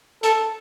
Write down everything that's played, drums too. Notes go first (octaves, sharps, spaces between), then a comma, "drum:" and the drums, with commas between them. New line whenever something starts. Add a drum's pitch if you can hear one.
A4, drum: hi-hat